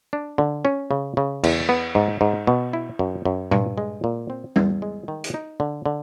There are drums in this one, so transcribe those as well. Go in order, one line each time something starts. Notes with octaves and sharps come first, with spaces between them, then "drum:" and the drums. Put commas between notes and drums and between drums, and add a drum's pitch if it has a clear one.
D4
D3
C#4
C#3
C#3
E2, drum: cymbal
B3
G#2
G#2
B2
E4
F#2
F#2
G2, drum: tom A#2
G#3
A#2
C4
E2, drum: tom G3
G#3
D#3
drum: hi-hat
D#4
D3
D3